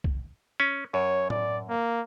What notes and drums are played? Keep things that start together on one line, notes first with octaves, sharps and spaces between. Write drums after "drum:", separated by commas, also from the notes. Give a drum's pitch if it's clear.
drum: kick B1
C#4
F#2 C#5
D5, drum: tom A2
A#3